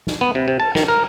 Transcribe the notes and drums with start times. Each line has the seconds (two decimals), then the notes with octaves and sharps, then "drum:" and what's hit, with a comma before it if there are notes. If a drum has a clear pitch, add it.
0.07 drum: snare
0.21 B3
0.35 C3
0.48 C3
0.60 A5, drum: cymbal
0.75 D#3, drum: snare
0.88 A#4